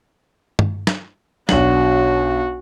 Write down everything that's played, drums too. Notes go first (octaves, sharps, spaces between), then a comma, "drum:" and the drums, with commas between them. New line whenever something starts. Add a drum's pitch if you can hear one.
drum: tom
drum: snare
B1 D4 F#4 F#7, drum: snare